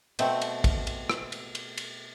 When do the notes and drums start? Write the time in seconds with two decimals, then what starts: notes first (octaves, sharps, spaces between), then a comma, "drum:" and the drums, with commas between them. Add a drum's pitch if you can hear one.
0.19 B2 A3 C4, drum: cymbal
0.41 drum: cymbal
0.64 drum: kick, cymbal
0.87 drum: cymbal
1.10 drum: rim click
1.32 drum: cymbal
1.55 drum: cymbal
1.78 drum: cymbal